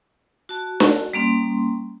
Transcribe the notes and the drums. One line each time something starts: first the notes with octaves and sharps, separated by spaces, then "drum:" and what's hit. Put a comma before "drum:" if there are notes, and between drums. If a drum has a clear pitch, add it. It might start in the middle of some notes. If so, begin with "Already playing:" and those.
F#4 A5
drum: snare D4
G3 A#3 C#4 C6